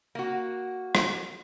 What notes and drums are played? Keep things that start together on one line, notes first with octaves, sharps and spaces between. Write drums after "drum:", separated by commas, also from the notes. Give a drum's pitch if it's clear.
A#3 F#4
drum: rim click